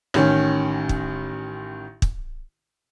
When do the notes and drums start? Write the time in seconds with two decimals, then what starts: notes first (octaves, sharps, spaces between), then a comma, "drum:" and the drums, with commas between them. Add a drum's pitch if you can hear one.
0.14 A1 D#3 C#4, drum: rim click
0.89 drum: kick
2.02 drum: kick